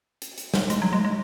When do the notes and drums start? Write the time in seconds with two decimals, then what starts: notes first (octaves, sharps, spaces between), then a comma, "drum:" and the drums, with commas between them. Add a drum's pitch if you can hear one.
0.22 drum: hi-hat
0.38 drum: hi-hat
0.54 drum: snare
0.70 G#3, drum: hi-hat
0.82 F#3
0.93 G#3
1.05 G#3